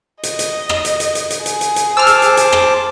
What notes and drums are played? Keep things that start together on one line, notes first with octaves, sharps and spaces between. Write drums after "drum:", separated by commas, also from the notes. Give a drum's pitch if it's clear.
D#5, drum: hi-hat
drum: hi-hat
drum: rim click
drum: hi-hat
drum: hi-hat
drum: hi-hat
drum: hi-hat
G#4, drum: hi-hat
drum: hi-hat
drum: hi-hat
C5 A5 D6 E6 F6
drum: hi-hat
drum: hi-hat
drum: hi-hat
drum: rim click